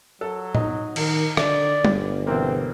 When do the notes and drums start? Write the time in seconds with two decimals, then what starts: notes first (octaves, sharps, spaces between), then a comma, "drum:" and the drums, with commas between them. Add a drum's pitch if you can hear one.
0.21 F#3 A4
0.55 D#4, drum: tom A2
0.96 D#3 A#4, drum: cymbal
1.37 D3 D5, drum: rim click
1.85 G1, drum: tom G3
2.27 B2 E3 A#3 C4